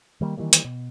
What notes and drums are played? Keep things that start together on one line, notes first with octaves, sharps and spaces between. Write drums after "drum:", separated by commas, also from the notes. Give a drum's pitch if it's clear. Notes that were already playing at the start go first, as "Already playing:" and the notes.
D#3 G3 A#3
D#3 E3 G3 A#3
drum: hi-hat
B2